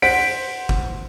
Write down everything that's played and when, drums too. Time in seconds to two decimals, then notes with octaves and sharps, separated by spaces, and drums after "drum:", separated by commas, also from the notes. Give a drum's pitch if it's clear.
0.02 C5 F#5 B6 D7, drum: open hi-hat
0.69 drum: kick